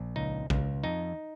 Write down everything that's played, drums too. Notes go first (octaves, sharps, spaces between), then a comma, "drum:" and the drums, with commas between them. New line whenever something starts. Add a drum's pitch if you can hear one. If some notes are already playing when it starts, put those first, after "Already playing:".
Already playing: A#1
C#2 D#4
C#2, drum: kick A#1
F2 D#4